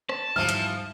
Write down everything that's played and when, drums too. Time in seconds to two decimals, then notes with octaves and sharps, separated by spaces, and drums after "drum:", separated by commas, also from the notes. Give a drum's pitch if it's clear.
0.09 A5, drum: rim click
0.36 G#2 E3 F3 G3 F6
0.49 drum: hi-hat